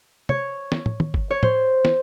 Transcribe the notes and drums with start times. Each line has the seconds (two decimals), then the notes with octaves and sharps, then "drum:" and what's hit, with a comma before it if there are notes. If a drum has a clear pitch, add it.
0.29 C#5, drum: tom
0.72 drum: snare
0.86 drum: tom
1.00 drum: tom
1.14 drum: kick G1
1.31 C#5
1.43 C5, drum: tom
1.85 drum: snare